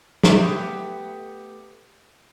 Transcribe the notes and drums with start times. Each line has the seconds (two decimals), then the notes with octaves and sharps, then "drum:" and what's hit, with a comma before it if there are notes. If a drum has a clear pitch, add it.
0.23 A3 B3 G4, drum: snare